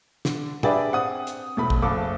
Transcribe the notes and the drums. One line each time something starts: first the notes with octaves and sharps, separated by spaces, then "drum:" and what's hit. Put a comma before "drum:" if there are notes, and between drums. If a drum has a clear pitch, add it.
D3, drum: snare
D4 G4 G#4 B4 D5 E5, drum: tom
C4 F#5 D#6
drum: hi-hat
E1 A3 B5
drum: kick
F#1 A4 F5 D6